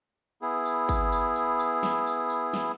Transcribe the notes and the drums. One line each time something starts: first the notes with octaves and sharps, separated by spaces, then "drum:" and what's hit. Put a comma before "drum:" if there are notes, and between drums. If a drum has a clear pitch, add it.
B3 E4 G#4
drum: tambourine
drum: kick G#1, tambourine
drum: tambourine
drum: tambourine
drum: tambourine
drum: snare
drum: tambourine
drum: tambourine
drum: snare